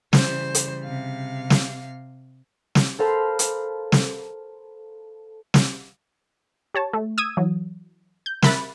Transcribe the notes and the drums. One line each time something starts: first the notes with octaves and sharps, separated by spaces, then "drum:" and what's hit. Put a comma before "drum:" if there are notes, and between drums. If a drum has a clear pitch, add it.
C#3 E3 G3 C5, drum: snare
drum: hi-hat
C3 F5
drum: snare
drum: snare
A4 A#4 C5 F5 A5 B5
drum: hi-hat
drum: snare
drum: snare
G4 C#5 A5
A3
D#6 E6 G#6 D#7
E3 F#3
G6
A#4 E5 B5 F#6 A6, drum: snare